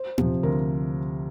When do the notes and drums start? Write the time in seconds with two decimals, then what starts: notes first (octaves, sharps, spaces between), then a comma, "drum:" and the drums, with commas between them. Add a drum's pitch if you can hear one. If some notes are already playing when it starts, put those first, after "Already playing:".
Already playing: C5
0.18 C3 F3, drum: tom A#2
0.43 D2 A#4